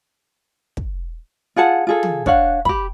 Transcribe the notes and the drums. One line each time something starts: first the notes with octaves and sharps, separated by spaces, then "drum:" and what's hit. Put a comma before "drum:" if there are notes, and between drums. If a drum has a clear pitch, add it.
drum: kick
F4 G#4 F#5 A5
F4 G#4 A4
drum: tom
D4 C#5 F5 F#5, drum: kick
G4 B5, drum: kick